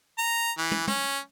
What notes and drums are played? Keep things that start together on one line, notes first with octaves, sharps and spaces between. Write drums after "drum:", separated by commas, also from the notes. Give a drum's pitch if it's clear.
A#5
E3
drum: tom
C#4, drum: tom